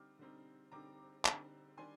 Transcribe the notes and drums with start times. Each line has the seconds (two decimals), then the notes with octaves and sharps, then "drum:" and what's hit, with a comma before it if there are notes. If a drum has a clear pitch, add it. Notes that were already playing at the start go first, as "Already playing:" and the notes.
Already playing: D3 G3 C4 D#4 D6 F6
0.19 D3 G3 C4 D#4
0.72 D3 G3 C4 D#4 A#5 D6
1.25 D3 G3 C4 D#4, drum: clap
1.77 D#3 G3 D4 G#5 C6